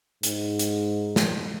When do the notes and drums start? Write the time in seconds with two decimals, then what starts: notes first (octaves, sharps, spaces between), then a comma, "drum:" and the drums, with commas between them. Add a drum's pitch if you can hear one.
0.23 G#2, drum: hi-hat
0.59 drum: hi-hat
1.16 drum: snare